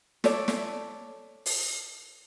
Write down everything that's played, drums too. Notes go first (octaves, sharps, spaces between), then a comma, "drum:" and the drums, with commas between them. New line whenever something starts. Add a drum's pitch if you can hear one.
A4 C#5 D5, drum: snare
drum: snare
drum: open hi-hat